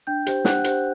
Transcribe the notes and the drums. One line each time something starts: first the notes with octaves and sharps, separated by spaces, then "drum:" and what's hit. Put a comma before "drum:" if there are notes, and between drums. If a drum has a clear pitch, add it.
D4 G5 G6
G4 C5, drum: hi-hat
D4 F#5 F#6, drum: snare
G4 C5, drum: hi-hat